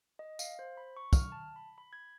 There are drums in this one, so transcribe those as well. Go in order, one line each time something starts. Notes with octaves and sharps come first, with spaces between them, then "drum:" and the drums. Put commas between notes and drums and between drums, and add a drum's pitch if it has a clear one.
D#5
F5, drum: tambourine
C5
B5
C#6
F6, drum: kick, tambourine
A5
B5
B5
G#6